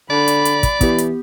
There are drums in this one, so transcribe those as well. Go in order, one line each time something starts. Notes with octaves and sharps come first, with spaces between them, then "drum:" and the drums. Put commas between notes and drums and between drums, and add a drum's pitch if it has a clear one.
D3 D5 B5
drum: hi-hat
drum: hi-hat
drum: kick, hi-hat
E3 B3 G4, drum: kick, hi-hat
drum: hi-hat